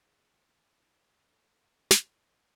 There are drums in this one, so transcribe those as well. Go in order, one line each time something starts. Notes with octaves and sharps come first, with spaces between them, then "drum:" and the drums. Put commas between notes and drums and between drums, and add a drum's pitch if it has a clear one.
D#3 G#3 G#4
C5 D5
A4 C#5
drum: snare